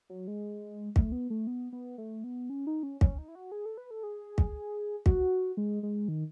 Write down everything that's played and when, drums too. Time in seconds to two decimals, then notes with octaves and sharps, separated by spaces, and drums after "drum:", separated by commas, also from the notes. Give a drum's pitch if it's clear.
0.10 F#3
0.28 G#3
0.96 A3, drum: kick
1.12 B3
1.30 A3
1.47 B3
1.73 B3
1.98 A3
2.24 B3
2.50 C#4
2.67 D#4
2.83 C#4
3.01 C#4, drum: kick
3.18 D#4
3.28 E4
3.35 F#4
3.52 G#4
3.65 A4
3.78 B4
3.91 A4
4.03 G#4
4.38 drum: kick
5.06 F#4, drum: kick
5.57 G#3
5.83 G#3
6.08 D#3